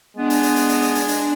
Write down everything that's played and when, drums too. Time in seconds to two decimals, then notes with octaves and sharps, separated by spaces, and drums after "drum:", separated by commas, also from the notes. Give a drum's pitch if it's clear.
0.17 G#3 B3 D4
0.30 drum: hi-hat
0.43 drum: hi-hat
0.56 drum: hi-hat
0.69 drum: hi-hat
0.82 drum: hi-hat
0.95 drum: hi-hat
1.08 drum: hi-hat